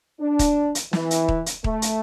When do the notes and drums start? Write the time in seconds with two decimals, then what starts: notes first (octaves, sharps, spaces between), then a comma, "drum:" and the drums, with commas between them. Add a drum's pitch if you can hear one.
0.21 D4
0.39 drum: kick D#1, hi-hat
0.75 drum: hi-hat
0.93 E3, drum: snare
1.11 drum: hi-hat
1.28 drum: kick D#1
1.46 drum: hi-hat
1.64 A3, drum: kick D#1
1.82 drum: hi-hat